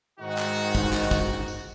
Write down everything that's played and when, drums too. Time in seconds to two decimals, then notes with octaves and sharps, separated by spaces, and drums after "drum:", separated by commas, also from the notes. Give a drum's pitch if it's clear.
0.20 G#2 D#3 D#4 F#4
0.38 drum: clap
0.75 drum: kick, tambourine
0.93 drum: clap
1.11 drum: kick, tambourine
1.48 drum: tambourine